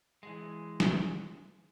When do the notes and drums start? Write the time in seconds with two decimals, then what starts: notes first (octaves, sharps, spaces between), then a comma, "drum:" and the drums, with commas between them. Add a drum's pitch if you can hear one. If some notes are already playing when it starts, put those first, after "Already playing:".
0.23 E3 G#3
0.80 drum: snare